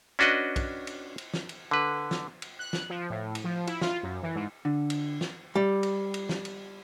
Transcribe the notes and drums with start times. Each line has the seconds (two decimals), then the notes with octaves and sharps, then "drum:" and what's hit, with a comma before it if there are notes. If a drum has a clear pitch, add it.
0.19 C#4 D4 F#4 B4 D#5
0.56 drum: kick, cymbal
0.87 drum: cymbal
1.18 drum: cymbal
1.34 drum: snare
1.49 drum: cymbal
1.71 D3 B4
2.11 drum: snare
2.42 drum: cymbal
2.59 F#6
2.73 drum: snare
2.90 F3
3.10 A2
3.35 drum: cymbal
3.44 F3
3.67 E4, drum: cymbal
3.81 F4, drum: snare
4.03 F#2
4.23 E3
4.35 G#2
4.65 D3
4.90 drum: cymbal
5.21 drum: snare
5.56 G3
5.83 drum: cymbal
6.14 drum: cymbal
6.29 drum: snare
6.45 drum: cymbal